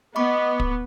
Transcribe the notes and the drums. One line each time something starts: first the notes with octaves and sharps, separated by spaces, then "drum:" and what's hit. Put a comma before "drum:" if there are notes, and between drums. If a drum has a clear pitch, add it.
B3 D#5 B5 C#6 D6
drum: kick